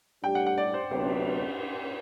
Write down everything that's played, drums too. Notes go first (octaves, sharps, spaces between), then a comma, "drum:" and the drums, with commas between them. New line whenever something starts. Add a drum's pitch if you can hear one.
A2 G3 D4 G4 G5
F#5
F#5
D5
C5
D2 C3 F#3 B3, drum: cymbal